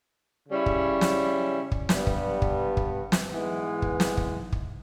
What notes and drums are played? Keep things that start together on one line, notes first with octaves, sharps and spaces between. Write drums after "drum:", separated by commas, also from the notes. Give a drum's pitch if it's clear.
C#3 G3 C#4 E4
drum: kick
drum: snare
drum: kick
G2 G3 B3, drum: snare
drum: kick
drum: kick
drum: kick
drum: snare
G#2 E3 G#3 B3
drum: kick
drum: snare
drum: kick
drum: kick